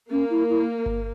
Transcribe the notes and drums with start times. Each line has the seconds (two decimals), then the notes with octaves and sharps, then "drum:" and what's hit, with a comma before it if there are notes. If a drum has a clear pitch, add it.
0.11 A#3 C#4
0.30 E4
0.49 E4
0.86 drum: kick G1